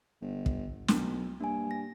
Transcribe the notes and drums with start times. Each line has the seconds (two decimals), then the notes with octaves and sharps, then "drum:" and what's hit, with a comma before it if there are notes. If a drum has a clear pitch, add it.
0.22 G1
0.46 drum: kick
0.88 B1, drum: snare
1.40 G2 A#3 G#5
1.71 A#6